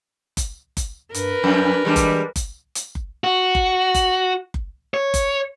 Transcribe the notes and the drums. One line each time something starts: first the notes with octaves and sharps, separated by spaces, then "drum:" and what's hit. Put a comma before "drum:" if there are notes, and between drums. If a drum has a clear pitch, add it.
drum: kick F#1, hi-hat
drum: kick F#1, hi-hat
G2 A#4 B4, drum: hi-hat
F2 D4
E3 G3 G#3 D4
drum: kick F#1, hi-hat
drum: kick F#1, hi-hat
drum: hi-hat
drum: kick F#1
F#4
drum: kick F#1
drum: kick F#1, hi-hat
drum: kick F#1
C#5
drum: kick F#1, hi-hat